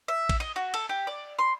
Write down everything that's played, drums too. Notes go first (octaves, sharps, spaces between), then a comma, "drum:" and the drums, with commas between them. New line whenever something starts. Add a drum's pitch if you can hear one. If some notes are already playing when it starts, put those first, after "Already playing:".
E5
drum: kick A#1, cymbal
D#5
F#4
A4, drum: cymbal
G4
D5
C6